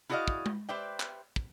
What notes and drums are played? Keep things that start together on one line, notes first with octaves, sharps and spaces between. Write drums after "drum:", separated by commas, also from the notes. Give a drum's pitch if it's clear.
E4 F#4 G#4 D5 D#5 F5
drum: kick
drum: tom G#3
G4 B4 C5 D5 E5 G5
drum: clap
drum: kick